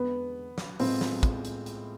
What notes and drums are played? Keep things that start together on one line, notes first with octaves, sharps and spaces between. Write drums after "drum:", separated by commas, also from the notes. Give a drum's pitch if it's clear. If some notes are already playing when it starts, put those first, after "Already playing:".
Already playing: E2 D3 G#3 B3 C4
drum: snare
A2 G#3 B3 C4 F4 G#4, drum: open hi-hat
drum: snare
drum: kick, hi-hat
drum: hi-hat
drum: hi-hat